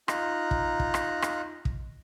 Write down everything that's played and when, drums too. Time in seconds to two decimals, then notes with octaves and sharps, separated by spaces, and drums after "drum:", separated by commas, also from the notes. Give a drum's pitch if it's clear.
0.08 D#4 F4 A#5 F#6, drum: rim click
0.51 drum: kick
0.80 drum: kick
0.94 drum: rim click
1.22 drum: rim click
1.65 drum: kick